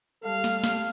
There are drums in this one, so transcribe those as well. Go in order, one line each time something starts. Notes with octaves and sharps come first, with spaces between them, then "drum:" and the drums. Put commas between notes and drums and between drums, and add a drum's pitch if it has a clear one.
G3 A4 F5
drum: snare
drum: snare